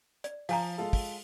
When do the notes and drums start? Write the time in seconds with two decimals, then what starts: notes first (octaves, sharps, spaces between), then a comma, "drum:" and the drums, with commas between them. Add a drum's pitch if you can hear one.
0.24 D5, drum: hi-hat
0.49 F3 F5 G#5 A#5, drum: open hi-hat
0.78 G#3 F4 A4
0.93 drum: kick, open hi-hat